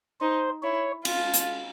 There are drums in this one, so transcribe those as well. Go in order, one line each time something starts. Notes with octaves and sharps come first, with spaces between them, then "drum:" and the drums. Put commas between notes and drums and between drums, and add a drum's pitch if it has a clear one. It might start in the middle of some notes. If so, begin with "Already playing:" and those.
D#4 C5
E4 C#5
F4, drum: cymbal
drum: hi-hat